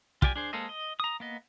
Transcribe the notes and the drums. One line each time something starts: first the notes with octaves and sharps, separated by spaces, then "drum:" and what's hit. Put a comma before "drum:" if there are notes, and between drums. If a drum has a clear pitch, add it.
F4 G4 D5 G#5, drum: kick
D4 G#4 C5
G#3 A#3 A4 C5 D#5
D#5
A#5 D#6
A#3 B3 D#5